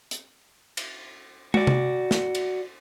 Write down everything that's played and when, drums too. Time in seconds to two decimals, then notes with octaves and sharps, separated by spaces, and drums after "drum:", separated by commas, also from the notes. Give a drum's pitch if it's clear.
0.11 drum: hi-hat
0.77 drum: cymbal
1.54 F#4 D5, drum: tom
1.67 drum: tom C3
2.11 drum: snare
2.35 drum: cymbal